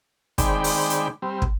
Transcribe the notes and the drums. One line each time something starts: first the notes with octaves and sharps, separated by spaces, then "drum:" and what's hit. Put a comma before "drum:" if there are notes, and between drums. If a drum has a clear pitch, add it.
D#3 G#3 C4 D5 G5 B5, drum: kick, hi-hat
drum: open hi-hat
drum: hi-hat
G3 C4
drum: kick